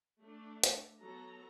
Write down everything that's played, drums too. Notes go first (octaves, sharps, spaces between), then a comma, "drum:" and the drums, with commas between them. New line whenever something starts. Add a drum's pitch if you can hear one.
A3 D4
drum: hi-hat
F#3 B3 A4 A#5